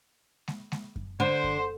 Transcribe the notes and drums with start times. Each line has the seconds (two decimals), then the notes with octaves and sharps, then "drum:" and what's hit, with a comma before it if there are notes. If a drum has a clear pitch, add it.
0.48 drum: snare G#3
0.72 drum: snare G#3
0.96 drum: kick F#2
1.20 D3 C5
1.44 drum: kick F#2